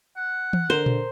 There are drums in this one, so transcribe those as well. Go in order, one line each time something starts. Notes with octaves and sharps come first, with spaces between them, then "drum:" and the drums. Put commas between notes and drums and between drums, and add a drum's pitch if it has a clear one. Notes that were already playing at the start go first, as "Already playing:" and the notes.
F#5
drum: tom E3
D3 A#4 C5
drum: tom A#2